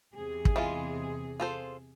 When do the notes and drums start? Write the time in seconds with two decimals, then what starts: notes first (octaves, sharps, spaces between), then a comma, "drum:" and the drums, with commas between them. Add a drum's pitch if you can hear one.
0.15 E2 C3 G#4
0.45 drum: kick
0.56 E3 G#3 F4
1.40 F4 A4 C5